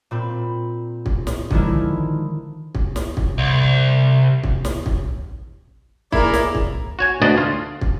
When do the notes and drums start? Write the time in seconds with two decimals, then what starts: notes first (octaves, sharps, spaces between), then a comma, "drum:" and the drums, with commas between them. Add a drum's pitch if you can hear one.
0.11 A#2 C4 B5
1.06 drum: kick
1.27 drum: snare
1.51 D3 D#3 F3 G#3 E4, drum: kick
2.75 drum: kick
2.96 drum: snare
3.17 drum: kick
3.38 C2
4.43 drum: kick
4.65 drum: snare
4.86 drum: kick
6.12 A#3 E4 G#4 A#4 D5, drum: kick
6.34 drum: snare
6.55 drum: kick
6.99 F#4 C#5 G#5
7.22 D2 B3 D4 F#4 D5 D#5
7.38 F4
7.81 drum: kick